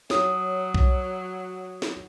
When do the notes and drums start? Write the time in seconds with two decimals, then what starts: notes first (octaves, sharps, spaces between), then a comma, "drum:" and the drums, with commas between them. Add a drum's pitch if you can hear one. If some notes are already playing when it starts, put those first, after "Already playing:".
0.10 F#3 C#5 D#6, drum: snare
0.75 drum: kick B1
1.82 drum: snare